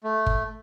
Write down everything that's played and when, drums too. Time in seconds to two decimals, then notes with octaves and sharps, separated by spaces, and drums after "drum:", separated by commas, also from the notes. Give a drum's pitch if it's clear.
0.04 A3
0.26 drum: kick